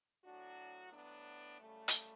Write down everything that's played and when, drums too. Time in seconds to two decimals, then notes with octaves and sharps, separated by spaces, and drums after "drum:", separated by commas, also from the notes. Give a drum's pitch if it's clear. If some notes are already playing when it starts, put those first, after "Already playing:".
0.25 A2 F#3 D4 F#4
0.93 B3 D4
1.61 F#2 C#3 G3 A3
1.88 drum: hi-hat